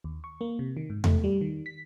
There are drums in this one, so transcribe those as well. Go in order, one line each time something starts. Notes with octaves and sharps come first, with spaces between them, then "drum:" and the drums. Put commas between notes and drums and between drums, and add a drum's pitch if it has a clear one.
D#2
C#6
A#3
C3
D#3
G#2
A3, drum: tom E2
G3
D#3
B6